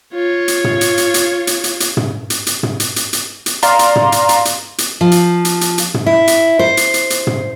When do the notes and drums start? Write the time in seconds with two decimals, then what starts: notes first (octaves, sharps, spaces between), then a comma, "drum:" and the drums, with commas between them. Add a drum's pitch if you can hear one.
0.14 F4 C#5
0.48 drum: hi-hat
0.64 drum: tom
0.81 drum: hi-hat
0.97 drum: hi-hat
1.14 drum: hi-hat
1.47 drum: hi-hat
1.64 drum: hi-hat
1.80 drum: hi-hat
1.97 drum: tom
2.30 drum: hi-hat
2.47 drum: hi-hat
2.63 drum: tom
2.80 drum: hi-hat
2.96 drum: hi-hat
3.13 drum: hi-hat
3.46 drum: hi-hat
3.62 D5 F5 A#5 C6, drum: hi-hat
3.79 drum: hi-hat
3.96 drum: tom
4.12 drum: hi-hat
4.29 drum: hi-hat
4.45 drum: hi-hat
4.78 drum: hi-hat
5.01 F3
5.12 drum: hi-hat
5.45 drum: hi-hat
5.61 drum: hi-hat
5.78 drum: hi-hat
5.94 drum: tom
6.06 E4
6.27 drum: hi-hat
6.59 C5
6.77 drum: hi-hat
6.94 drum: hi-hat
7.10 drum: hi-hat
7.27 drum: tom